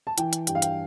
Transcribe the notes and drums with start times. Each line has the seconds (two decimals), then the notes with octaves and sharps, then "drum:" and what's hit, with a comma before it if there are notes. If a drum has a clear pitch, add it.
0.07 A5
0.18 E3 G5, drum: hi-hat
0.33 drum: hi-hat
0.47 G2 G5, drum: hi-hat
0.55 F5
0.62 G5, drum: hi-hat